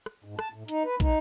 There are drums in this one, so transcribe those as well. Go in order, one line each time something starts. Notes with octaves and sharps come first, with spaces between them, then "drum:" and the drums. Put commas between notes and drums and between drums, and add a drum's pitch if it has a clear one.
drum: rim click
G#2
A5, drum: rim click
A2
D#4, drum: hi-hat
B4
D#4, drum: kick, hi-hat